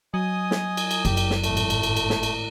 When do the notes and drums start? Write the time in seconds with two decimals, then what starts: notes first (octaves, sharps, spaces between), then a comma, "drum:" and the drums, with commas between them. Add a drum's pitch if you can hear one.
0.14 F#3 D#5 G#5 D#6
0.51 drum: snare
0.77 drum: cymbal
0.91 drum: cymbal
1.05 F#1 G4, drum: cymbal
1.17 drum: cymbal
1.30 drum: snare
1.44 G#1 A2 A3, drum: cymbal
1.57 drum: cymbal
1.70 drum: cymbal
1.83 drum: cymbal
1.96 drum: cymbal
2.10 drum: snare
2.23 drum: cymbal